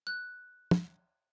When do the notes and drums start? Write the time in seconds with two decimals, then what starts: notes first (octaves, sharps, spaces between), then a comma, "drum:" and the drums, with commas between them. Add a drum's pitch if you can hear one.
0.07 F#6
0.71 drum: tom